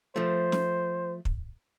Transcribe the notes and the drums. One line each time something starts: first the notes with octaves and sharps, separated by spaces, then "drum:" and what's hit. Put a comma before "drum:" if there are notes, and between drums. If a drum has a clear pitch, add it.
F3 A3 C5
drum: snare
drum: kick